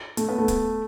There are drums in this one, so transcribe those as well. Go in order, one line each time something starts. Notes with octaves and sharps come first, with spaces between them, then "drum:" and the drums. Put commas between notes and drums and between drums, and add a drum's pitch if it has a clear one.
A3, drum: hi-hat
B3
A3
drum: kick, hi-hat